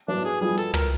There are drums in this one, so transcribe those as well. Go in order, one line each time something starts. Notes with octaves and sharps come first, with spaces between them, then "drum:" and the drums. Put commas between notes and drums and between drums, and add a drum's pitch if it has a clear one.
E3 F#3 D4
G#4
F3 G3 G#4
A4, drum: hi-hat
A#4, drum: tom